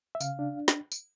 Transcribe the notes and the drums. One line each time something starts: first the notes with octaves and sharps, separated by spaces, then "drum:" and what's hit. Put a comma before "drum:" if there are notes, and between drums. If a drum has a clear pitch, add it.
E5
C#3 F5, drum: tambourine
D4
drum: snare
drum: tambourine